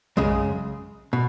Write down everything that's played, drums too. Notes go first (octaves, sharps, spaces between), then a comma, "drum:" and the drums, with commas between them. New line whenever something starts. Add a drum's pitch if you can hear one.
F#2 C#3 G#3, drum: kick A#1
B2